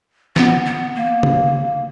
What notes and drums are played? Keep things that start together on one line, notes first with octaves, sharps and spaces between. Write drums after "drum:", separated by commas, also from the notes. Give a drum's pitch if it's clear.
B3, drum: snare
B3
A#3
drum: tom C#3